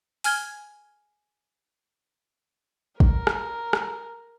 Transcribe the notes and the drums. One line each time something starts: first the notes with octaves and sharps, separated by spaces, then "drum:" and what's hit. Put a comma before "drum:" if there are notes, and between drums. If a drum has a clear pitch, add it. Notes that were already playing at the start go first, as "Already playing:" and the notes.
G#5 F6 G#6 G7, drum: open hi-hat
A#4, drum: kick
drum: rim click
drum: rim click